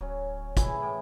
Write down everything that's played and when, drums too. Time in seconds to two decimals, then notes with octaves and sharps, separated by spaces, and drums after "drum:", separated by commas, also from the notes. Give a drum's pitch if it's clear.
0.01 D1 F#3 C#4
0.57 E3 E4 G#4, drum: kick, hi-hat
0.82 A2 G5